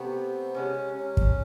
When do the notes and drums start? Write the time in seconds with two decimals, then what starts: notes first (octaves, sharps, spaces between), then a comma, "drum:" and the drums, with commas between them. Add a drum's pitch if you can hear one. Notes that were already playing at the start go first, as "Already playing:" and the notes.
Already playing: C3 A3 B3 C4
0.54 C3 E3 G#3 C#4
0.93 C#4
1.17 drum: kick